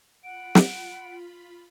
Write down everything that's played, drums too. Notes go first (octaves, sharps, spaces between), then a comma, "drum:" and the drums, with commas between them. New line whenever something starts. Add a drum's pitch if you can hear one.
F4 F#5 B5 D7
drum: snare